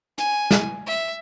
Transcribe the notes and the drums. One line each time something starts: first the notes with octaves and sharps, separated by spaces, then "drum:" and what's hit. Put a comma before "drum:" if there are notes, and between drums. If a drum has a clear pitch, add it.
G#5, drum: hi-hat
drum: snare
E5